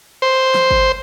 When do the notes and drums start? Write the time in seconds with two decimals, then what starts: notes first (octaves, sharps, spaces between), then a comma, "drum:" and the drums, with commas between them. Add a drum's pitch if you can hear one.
0.22 C5
0.54 drum: snare
0.71 drum: kick G1